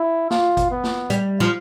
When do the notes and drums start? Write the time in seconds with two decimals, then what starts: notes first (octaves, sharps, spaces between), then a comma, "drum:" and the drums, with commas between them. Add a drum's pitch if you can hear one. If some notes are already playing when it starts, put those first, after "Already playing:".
Already playing: E4
0.30 F4, drum: snare
0.57 drum: kick, hi-hat
0.71 B3
0.83 drum: snare
1.10 G3, drum: hi-hat
1.40 F3